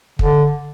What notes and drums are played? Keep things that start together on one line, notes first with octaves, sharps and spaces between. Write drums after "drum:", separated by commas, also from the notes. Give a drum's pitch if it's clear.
D3, drum: kick